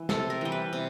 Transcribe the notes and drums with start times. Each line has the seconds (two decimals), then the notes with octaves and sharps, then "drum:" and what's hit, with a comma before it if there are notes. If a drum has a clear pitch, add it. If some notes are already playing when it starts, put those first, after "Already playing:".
Already playing: E3
0.09 C3 A4, drum: snare
0.30 A#4
0.41 E3 G3
0.52 B4
0.73 C3